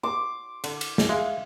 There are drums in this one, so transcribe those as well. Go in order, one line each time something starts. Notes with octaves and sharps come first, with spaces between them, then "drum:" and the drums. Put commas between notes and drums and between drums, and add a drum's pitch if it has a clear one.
C6 D6
D3, drum: cymbal
drum: cymbal
drum: snare
G#3 E5 F5